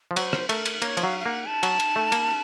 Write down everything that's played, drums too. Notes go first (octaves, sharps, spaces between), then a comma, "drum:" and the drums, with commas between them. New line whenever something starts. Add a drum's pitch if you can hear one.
F3
F#3 C5, drum: cymbal
drum: rim click
A3 A#4, drum: cymbal
drum: cymbal
A#3 C#5, drum: cymbal
F3, drum: cymbal
F#3 F5
F5
A#3 F#5
A5
F#3, drum: cymbal
drum: cymbal
A3
A#3, drum: cymbal